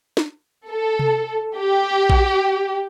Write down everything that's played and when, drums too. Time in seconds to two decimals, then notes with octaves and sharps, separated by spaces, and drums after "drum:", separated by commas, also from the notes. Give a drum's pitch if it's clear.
0.17 drum: snare
0.70 A4
0.99 drum: tom C3
1.58 G4
2.10 drum: kick A#1